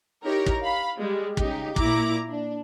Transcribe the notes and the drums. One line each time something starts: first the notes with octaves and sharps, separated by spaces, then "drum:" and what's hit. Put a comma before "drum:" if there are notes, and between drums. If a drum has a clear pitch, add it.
D#4 E4 G4 A#4 C#5
drum: kick
F5 B5
G3 G#3
C#3 D#4 G4, drum: kick
A#2 E4 A#5 D6, drum: kick
D4